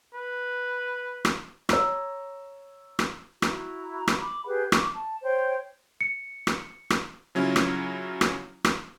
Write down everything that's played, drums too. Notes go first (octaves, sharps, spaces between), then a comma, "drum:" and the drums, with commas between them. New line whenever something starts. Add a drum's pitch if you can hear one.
B4
drum: rim click
C#5 A#5 E6, drum: rim click
drum: rim click
E4 F#4 A#5, drum: rim click
drum: rim click
B5 D6
G4 G#4 B4 F#5
C#6 D6, drum: rim click
A5
C5 C#5 G5
C#7
drum: rim click
drum: rim click
C#3 F#3 C#4 E4 F4
drum: rim click
drum: rim click
drum: rim click